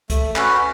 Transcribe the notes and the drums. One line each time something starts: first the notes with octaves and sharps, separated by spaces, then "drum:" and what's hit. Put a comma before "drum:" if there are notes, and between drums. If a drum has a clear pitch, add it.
A3, drum: kick, hi-hat
C#4 F#4 B4, drum: clap